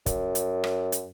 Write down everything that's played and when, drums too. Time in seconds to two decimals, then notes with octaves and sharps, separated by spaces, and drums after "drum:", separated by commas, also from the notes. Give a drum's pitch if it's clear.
0.06 F#2, drum: kick, hi-hat
0.35 drum: hi-hat
0.64 drum: rim click
0.92 drum: hi-hat